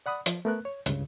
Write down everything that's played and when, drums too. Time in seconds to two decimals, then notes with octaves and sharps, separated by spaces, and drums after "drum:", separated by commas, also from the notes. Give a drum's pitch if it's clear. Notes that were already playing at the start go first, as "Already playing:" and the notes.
0.06 D5 F#5 B5 D#6
0.26 F3, drum: hi-hat
0.45 A3 B3 A#4 B4 F#6
0.65 C#5
0.86 C#2 G2 C#3, drum: hi-hat